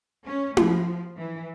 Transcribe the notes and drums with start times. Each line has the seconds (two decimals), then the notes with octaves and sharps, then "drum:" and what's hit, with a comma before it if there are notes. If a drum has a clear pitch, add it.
0.25 C#4
0.57 F3, drum: tom E4
1.17 E3